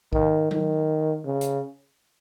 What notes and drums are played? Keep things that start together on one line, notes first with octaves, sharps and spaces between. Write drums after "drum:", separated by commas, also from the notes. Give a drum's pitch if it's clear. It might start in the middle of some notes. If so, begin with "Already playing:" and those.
D#3, drum: kick
D#3, drum: tom F#3
C#3
drum: hi-hat